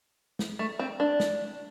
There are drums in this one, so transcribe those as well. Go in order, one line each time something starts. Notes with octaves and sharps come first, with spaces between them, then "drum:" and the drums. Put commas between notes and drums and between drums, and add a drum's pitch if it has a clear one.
drum: snare
A3
C4
D4
drum: snare